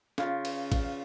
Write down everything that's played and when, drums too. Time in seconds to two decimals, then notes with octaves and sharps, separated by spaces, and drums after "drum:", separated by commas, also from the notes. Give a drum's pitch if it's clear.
0.18 C#3 F4, drum: snare
0.45 drum: cymbal
0.72 drum: kick, cymbal